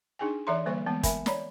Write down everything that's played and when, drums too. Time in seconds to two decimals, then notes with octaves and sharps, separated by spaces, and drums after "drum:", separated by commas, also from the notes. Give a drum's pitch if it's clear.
0.19 D4 D#4 G#4 G5 G#5
0.47 E3 A4 D5 E5 A#5 C6
0.66 D3 G3 A#3 A4 C5 C#6
0.86 E3 G#3 B3 G5
1.03 A#4 E5 G#5 B5, drum: kick, hi-hat
1.26 C#5 D5 A#5 B5, drum: snare